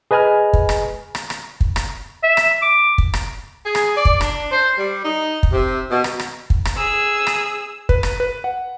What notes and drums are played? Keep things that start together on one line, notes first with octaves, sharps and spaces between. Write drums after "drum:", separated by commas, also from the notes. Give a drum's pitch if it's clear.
G#4 B4 D#5 G#5 B5 F6
drum: kick
drum: rim click
drum: rim click
drum: rim click
drum: kick
drum: rim click
E5
drum: rim click
D6
drum: kick
drum: rim click
G#4
drum: rim click
D5
drum: kick
D4, drum: rim click
C5
G3
D#4
drum: kick
C3
B2
drum: rim click
drum: rim click
drum: kick
drum: rim click
G#4 E6
drum: rim click
B4, drum: kick
drum: rim click
B4
F#5